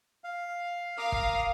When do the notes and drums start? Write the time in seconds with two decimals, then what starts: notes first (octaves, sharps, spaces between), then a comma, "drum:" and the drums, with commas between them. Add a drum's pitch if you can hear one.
0.24 F5
0.98 A#4 F5 D6 D#6
1.12 drum: kick